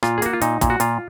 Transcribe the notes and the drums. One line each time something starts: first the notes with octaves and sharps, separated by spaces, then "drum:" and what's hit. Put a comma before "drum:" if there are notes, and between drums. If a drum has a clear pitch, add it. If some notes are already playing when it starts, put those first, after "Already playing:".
A#2 F4, drum: rim click
G#4
A#3 F#4, drum: hi-hat
F4
A#2 D#4, drum: hi-hat
A#2, drum: kick, hi-hat
F#4
A#2 F4, drum: hi-hat